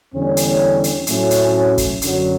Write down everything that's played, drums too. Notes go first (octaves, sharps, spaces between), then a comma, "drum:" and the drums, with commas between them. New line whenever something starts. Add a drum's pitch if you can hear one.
E2 D3 G3 C#4
drum: hi-hat
drum: hi-hat
A2 F#3 A3 C#4, drum: hi-hat
drum: hi-hat
drum: kick, hi-hat
F#2 D3 F#3, drum: hi-hat